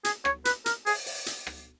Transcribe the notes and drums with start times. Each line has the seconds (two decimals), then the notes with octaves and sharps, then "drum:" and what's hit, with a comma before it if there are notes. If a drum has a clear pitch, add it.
0.05 G#4, drum: hi-hat
0.25 C#5, drum: rim click
0.45 B4, drum: hi-hat
0.66 A#4, drum: hi-hat
0.86 G#4, drum: open hi-hat
1.06 drum: open hi-hat
1.26 drum: hi-hat
1.47 drum: rim click